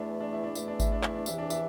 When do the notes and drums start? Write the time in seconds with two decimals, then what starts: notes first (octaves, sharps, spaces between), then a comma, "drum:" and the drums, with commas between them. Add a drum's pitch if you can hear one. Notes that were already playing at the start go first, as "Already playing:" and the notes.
Already playing: E2 E3 A3 D4
0.20 D4
0.33 E4
0.43 D4
0.55 E2 E3 A3 E4, drum: tambourine
0.68 D4
0.80 E4, drum: kick G#1, tambourine
0.92 D4
1.03 E4, drum: clap
1.15 D4
1.26 E2 C3 E3 E4, drum: tambourine
1.38 D4
1.50 E4, drum: tambourine